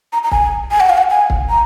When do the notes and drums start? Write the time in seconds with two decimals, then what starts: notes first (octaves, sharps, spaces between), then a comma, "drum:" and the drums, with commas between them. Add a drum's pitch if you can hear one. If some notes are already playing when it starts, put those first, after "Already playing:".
0.13 A#5
0.24 A#5
0.31 G#5, drum: kick
0.71 G#5
0.80 F#5
0.90 F5
0.98 F#5
1.10 G#5
1.30 drum: kick
1.50 A#5